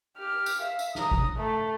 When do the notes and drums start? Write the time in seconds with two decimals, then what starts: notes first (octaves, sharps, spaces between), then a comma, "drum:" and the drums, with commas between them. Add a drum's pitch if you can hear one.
0.17 G4 F6
0.46 drum: tambourine
0.62 E5 F5
0.79 drum: tambourine
0.95 A#5 D#6, drum: snare
1.11 drum: kick G#1
1.38 A3